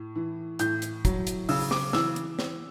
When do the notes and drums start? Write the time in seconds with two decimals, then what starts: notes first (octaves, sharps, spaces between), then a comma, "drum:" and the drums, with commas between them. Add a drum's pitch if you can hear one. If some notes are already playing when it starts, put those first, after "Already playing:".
Already playing: A2
0.15 E3
0.59 A2 G6, drum: hi-hat
0.82 drum: hi-hat
1.05 F#3, drum: kick, hi-hat
1.27 drum: hi-hat
1.49 C#3 E6, drum: open hi-hat
1.71 D6, drum: snare
1.93 E3 E6, drum: snare
2.16 drum: hi-hat
2.39 drum: snare